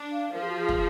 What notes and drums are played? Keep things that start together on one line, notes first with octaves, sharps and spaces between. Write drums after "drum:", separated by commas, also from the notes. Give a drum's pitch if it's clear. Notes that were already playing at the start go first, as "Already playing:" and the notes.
Already playing: D4
F5
F3 A#4
G#4
F#4
G#4
drum: kick